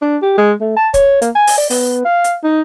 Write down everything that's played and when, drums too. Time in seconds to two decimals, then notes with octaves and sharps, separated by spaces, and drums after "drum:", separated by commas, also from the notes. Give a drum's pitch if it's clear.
0.02 D4
0.22 G4
0.38 G#3
0.61 A3
0.76 A5
0.94 C#5, drum: kick, hi-hat
1.22 A#3, drum: hi-hat
1.35 G#5
1.47 drum: open hi-hat
1.58 D5
1.70 B3, drum: open hi-hat
2.05 F5
2.24 drum: hi-hat
2.44 D#4